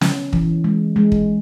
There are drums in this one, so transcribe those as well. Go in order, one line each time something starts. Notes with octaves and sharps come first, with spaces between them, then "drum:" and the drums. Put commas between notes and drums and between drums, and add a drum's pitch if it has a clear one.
C#4, drum: snare
E3, drum: kick
G#3
G#3
drum: kick